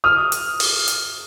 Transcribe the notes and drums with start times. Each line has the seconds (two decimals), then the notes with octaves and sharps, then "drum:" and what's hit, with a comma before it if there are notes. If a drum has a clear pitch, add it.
0.04 D#6 F6
0.32 drum: hi-hat
0.60 drum: open hi-hat
0.88 drum: hi-hat